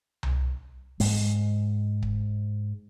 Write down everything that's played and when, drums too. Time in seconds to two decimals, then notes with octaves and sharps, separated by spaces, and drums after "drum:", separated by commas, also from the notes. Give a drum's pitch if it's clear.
0.23 drum: tom C2
1.00 G#2 G#3, drum: open hi-hat
2.03 drum: kick